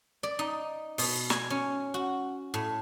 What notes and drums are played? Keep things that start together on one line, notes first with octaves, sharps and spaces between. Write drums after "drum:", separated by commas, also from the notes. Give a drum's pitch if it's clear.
D5
D#4
B2, drum: open hi-hat
G#5, drum: snare
C#4
F#4
A2